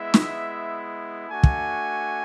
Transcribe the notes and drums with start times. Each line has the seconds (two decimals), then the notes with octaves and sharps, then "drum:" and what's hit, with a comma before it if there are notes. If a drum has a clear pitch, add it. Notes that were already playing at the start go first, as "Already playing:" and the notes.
Already playing: G#3 B3 E4 E5
0.14 drum: snare
1.30 A3 D4 F#4 G#5
1.43 drum: kick